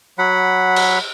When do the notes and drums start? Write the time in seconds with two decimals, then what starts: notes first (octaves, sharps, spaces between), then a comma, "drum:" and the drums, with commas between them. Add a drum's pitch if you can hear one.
0.18 F#3 F#5 B5
0.76 drum: cymbal